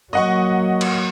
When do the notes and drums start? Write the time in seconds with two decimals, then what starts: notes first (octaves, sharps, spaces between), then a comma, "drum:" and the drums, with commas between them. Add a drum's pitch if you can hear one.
0.13 F#3 A#3 D#5 F#5 C#6
0.81 drum: cymbal